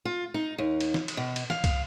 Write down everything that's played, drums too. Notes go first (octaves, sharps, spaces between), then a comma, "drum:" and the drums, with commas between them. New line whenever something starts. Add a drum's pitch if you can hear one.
F4
D#4
D#2
drum: cymbal
drum: snare
drum: cymbal
B2
drum: cymbal
F5, drum: snare
drum: kick C2, cymbal